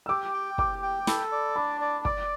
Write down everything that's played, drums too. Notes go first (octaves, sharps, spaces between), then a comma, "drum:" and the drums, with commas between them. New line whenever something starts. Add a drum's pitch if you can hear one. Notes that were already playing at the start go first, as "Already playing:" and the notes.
E6
G4 D6
G5
G4 D6, drum: kick
G5
A4 B5, drum: snare
D5
D4 B5
D5
D5 D6, drum: kick